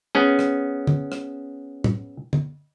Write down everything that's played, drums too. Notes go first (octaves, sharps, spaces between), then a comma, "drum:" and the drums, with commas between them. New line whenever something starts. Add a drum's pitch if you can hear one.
B3 C#4 G#4
drum: rim click
drum: tom
drum: rim click
drum: tom
drum: tom